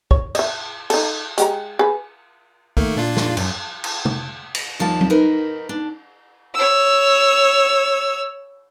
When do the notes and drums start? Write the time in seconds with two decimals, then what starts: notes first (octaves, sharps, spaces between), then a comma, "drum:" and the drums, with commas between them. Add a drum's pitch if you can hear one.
0.11 C#5, drum: kick
0.35 D#5 E5, drum: cymbal
0.90 D#4 A4, drum: cymbal
1.38 G#3 G4 A#5, drum: hi-hat
1.79 G#4 B4
2.77 D#3 A3 A#3, drum: kick
2.97 A#2 D4 F4
3.17 drum: snare
3.37 F#2, drum: cymbal
3.84 drum: cymbal
4.05 drum: tom
4.55 drum: cymbal
4.79 D#2 F3 G3 A5
5.01 drum: tom F#3
5.10 D#4 A#4 B4
5.69 D4
6.55 C#5 E6